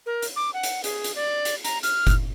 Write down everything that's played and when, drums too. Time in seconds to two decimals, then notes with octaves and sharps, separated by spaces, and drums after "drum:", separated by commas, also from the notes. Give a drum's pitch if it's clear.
0.06 A#4
0.22 drum: hi-hat
0.36 D6
0.54 F#5
0.63 drum: hi-hat
0.84 G#4, drum: hi-hat
1.04 drum: hi-hat
1.16 D5
1.45 drum: hi-hat
1.64 A#5, drum: hi-hat
1.83 F6, drum: hi-hat
2.07 drum: kick F#1, hi-hat